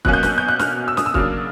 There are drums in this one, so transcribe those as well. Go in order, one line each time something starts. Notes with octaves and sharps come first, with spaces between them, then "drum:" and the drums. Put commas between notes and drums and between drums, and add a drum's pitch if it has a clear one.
B2 F#3 A#3 C#4 F#6, drum: kick
G6
F#6, drum: snare
G6
F#6
F6, drum: snare
E6
D#6, drum: snare
E6
C#3 F#3 A#3 D4 F6, drum: kick